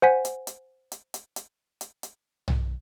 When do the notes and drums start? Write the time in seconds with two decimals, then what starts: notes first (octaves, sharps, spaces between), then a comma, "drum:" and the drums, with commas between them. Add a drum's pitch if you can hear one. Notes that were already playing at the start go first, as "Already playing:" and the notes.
0.02 C5 F#5 G#5 B6
0.25 drum: hi-hat
0.47 drum: hi-hat
0.92 drum: hi-hat
1.14 drum: hi-hat
1.36 drum: hi-hat
1.81 drum: hi-hat
2.03 drum: hi-hat
2.48 drum: tom